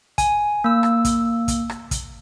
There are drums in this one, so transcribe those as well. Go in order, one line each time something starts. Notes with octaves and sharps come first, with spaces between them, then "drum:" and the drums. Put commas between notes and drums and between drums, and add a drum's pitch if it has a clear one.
G#5, drum: kick, hi-hat
A#3 E6
drum: rim click
drum: kick, hi-hat
drum: kick, hi-hat
drum: rim click
drum: kick, hi-hat